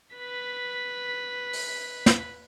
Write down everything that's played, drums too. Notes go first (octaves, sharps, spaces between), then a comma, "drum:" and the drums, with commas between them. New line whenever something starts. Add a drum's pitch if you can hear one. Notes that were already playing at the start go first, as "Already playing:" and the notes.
B4 B6
drum: open hi-hat
drum: snare